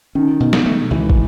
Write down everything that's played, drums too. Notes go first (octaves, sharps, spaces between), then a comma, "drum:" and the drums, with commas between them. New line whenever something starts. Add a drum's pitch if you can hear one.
D#3 C#4
B2
drum: snare
A3
C#2 E3
drum: kick